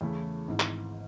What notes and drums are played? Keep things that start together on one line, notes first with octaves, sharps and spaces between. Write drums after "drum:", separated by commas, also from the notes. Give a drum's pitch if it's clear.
E2 C#3 E3 A3 E4
G#1 G#2 E3
drum: clap